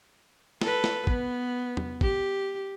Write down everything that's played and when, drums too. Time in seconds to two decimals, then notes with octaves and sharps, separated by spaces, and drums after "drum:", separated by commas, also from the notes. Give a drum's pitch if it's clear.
0.61 A4 B4, drum: snare
0.84 drum: snare
1.07 B3, drum: kick
1.77 drum: tom
2.01 G4, drum: kick